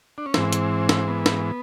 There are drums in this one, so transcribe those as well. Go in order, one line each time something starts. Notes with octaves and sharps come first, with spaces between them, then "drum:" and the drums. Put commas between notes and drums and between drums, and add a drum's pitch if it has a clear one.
D4
C#4
G#2 E3 C4, drum: snare
drum: hi-hat
drum: snare
B3
drum: snare